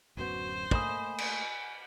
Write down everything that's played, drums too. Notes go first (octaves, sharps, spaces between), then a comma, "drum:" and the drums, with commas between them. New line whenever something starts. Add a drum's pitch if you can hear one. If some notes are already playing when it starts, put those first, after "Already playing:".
D1 F#2 B3 F#4 C5
A3 A#3 D#5 G#5 B5 D#6, drum: kick
drum: cymbal